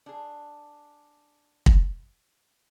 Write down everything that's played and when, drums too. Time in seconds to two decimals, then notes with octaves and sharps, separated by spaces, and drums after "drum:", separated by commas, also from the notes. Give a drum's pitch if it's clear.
0.06 D4 G#4
1.66 drum: kick